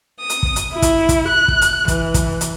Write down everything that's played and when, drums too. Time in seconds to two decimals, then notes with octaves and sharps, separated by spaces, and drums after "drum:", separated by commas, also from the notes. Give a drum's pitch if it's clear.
0.20 D#6
0.30 drum: hi-hat
0.43 drum: kick
0.56 drum: hi-hat
0.72 E4
0.82 drum: kick, hi-hat
1.09 drum: kick, hi-hat
1.28 F#6
1.48 drum: kick
1.62 drum: hi-hat
1.88 E3, drum: kick, hi-hat
2.14 drum: kick, hi-hat
2.41 drum: hi-hat